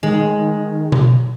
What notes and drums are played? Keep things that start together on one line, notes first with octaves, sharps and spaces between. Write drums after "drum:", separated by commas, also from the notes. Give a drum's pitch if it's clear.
D#3 G#3
drum: tom B2